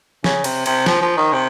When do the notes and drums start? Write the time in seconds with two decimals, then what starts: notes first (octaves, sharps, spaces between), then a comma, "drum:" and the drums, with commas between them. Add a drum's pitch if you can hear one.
0.24 C#3, drum: snare
0.44 C3, drum: cymbal
0.66 C3, drum: cymbal
0.86 F3, drum: snare
1.01 F3
1.17 D#3
1.33 C3